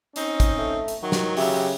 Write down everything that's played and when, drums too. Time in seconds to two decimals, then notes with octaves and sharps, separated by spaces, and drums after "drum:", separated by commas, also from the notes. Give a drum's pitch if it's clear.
0.16 C4 C#4 D#4, drum: hi-hat
0.40 drum: kick, hi-hat
0.58 A3
0.88 drum: hi-hat
1.02 D#3 F#3
1.12 drum: snare
1.37 C#3 G4 E5, drum: open hi-hat